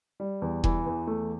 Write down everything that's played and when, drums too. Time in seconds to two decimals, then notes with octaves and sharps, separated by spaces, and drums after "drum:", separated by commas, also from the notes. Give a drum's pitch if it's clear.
0.20 G3
0.42 E2
0.64 E3, drum: kick E1
0.86 E2
1.07 A3